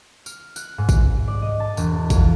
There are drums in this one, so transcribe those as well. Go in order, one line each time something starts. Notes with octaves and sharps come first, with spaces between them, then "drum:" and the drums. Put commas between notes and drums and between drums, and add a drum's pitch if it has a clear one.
F6, drum: tambourine
F#6, drum: tambourine
G#2
drum: kick G#1, tambourine
D5
D#5
A5
E1, drum: tambourine
F2, drum: kick G#1, tambourine